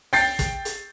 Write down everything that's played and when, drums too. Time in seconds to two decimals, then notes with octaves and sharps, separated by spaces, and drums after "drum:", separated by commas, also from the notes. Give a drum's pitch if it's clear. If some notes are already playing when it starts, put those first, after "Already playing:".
0.13 G5 G6 A6 C7, drum: open hi-hat
0.39 drum: kick, hi-hat
0.65 drum: hi-hat